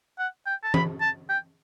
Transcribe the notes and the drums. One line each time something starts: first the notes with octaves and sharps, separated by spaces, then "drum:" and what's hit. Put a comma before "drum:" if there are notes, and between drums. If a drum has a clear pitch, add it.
F#5
G5
A5
B5, drum: tom E3
A5
G5